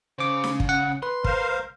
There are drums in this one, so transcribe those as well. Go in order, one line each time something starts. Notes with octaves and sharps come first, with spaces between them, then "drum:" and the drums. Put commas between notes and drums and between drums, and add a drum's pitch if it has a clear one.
C#3 C5 D6
drum: snare
drum: kick
F#5
B4 C6
A#4 C5 F5, drum: kick